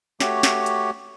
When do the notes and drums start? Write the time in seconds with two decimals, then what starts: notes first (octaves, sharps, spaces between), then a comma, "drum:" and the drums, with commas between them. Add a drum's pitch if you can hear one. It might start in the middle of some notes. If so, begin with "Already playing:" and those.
0.20 A3 F#4 G4 C#5, drum: snare
0.43 drum: snare
0.66 drum: hi-hat